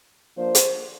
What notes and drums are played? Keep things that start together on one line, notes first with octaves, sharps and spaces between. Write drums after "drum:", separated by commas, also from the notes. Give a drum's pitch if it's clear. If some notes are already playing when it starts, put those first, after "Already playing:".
F3 A#3 D4 C5
drum: hi-hat